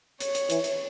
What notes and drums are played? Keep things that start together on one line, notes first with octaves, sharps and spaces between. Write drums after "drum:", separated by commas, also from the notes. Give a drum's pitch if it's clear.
C#5, drum: hi-hat
drum: hi-hat
E3, drum: hi-hat
drum: hi-hat